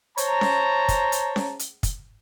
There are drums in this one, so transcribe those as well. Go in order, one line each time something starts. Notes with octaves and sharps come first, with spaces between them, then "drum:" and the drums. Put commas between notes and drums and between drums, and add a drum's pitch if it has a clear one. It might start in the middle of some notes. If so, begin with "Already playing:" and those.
C5 C#5 A5 A#5, drum: hi-hat
drum: snare C#4
drum: kick, hi-hat
drum: hi-hat
drum: snare C#4
drum: hi-hat
drum: kick, hi-hat